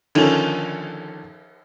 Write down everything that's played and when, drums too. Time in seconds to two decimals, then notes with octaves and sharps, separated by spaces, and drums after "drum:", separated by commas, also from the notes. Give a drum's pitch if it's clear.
0.15 D3 D#3 F3 C#4 A4, drum: cymbal